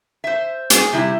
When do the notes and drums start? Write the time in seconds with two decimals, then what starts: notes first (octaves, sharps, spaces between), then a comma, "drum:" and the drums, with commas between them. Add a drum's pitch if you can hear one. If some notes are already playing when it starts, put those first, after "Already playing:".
0.24 C5 E5
0.70 G#4, drum: hi-hat
0.92 C3 G3 E4